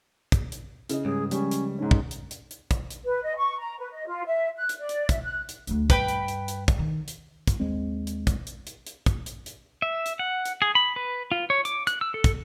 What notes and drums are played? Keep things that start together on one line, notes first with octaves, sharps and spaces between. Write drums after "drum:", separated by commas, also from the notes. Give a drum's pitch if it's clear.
drum: kick, hi-hat
drum: hi-hat
C#3 E4 D#5, drum: hi-hat
C#2 G#2 G3 C#4 G#4
F3 G3 G#3 C#4, drum: hi-hat
drum: hi-hat
G#2 C#4 D#4
drum: kick
drum: hi-hat
drum: hi-hat
drum: hi-hat
drum: kick, hi-hat
drum: hi-hat
B4
D#5
C#6
A#5
B4
D#5
F4
E5
F#6
drum: hi-hat
D5
drum: hi-hat
E5, drum: kick, hi-hat
F#6
drum: hi-hat
D2 A3, drum: hi-hat
G2 B4 G5 B5, drum: kick, hi-hat
drum: hi-hat
drum: hi-hat
drum: hi-hat
drum: kick, hi-hat
D#3
drum: hi-hat
drum: kick, hi-hat
D#2 G#3 C4
drum: hi-hat
drum: kick, hi-hat
drum: hi-hat
drum: hi-hat
drum: hi-hat
drum: kick, hi-hat
drum: hi-hat
drum: hi-hat
E5
drum: hi-hat
F#5
drum: hi-hat
G#4
B5
B4
F4
C#5
D6, drum: hi-hat
F#6, drum: hi-hat
E6
A4
drum: kick, hi-hat